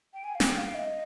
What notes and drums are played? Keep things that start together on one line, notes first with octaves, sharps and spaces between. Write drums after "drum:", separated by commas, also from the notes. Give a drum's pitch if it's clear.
G5
G#5
F5
G5, drum: snare
F5
D#5